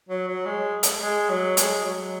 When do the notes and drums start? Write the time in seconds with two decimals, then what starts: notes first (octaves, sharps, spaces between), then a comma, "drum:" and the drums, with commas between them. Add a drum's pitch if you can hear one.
0.09 F#3
0.28 F#3
0.46 G#3
0.83 drum: hi-hat
1.02 G#3
1.29 F#3
1.57 G#3, drum: hi-hat
1.84 F#3